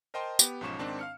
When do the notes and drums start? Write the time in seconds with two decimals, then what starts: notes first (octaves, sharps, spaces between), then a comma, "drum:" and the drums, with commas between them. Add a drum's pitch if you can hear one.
0.14 A#4 C5 D#5 G5 A5 C6
0.39 B3 G4, drum: tambourine
0.61 B1 G#2 F3 C#4 C#6 E7
0.79 G#2 D#3 C4 D4 A5
0.99 F5 F6 C#7